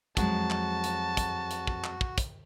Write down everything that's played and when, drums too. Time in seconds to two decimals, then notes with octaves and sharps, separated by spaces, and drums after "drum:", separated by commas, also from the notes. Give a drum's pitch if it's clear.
0.17 F2 F#3 G#3 F#4 A5, drum: kick, hi-hat
0.50 drum: clap
0.84 drum: hi-hat
1.17 drum: kick, hi-hat
1.51 drum: hi-hat
1.67 drum: kick
1.84 drum: clap
2.01 drum: kick
2.18 drum: kick, hi-hat